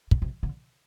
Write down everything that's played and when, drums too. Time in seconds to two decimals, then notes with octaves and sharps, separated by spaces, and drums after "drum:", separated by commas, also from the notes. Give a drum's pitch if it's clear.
0.11 B2, drum: kick
0.22 C3
0.43 D3